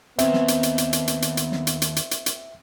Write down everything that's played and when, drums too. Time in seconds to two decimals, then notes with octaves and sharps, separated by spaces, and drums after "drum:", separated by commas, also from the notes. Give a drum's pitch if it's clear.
0.19 D#2 B3 C4 E5, drum: hi-hat
0.33 drum: snare
0.48 drum: hi-hat
0.63 drum: hi-hat
0.78 drum: hi-hat
0.93 drum: hi-hat
1.08 drum: hi-hat
1.22 drum: hi-hat
1.37 drum: hi-hat
1.52 drum: snare
1.67 drum: hi-hat
1.82 drum: hi-hat
1.96 drum: hi-hat
2.11 drum: hi-hat
2.26 drum: hi-hat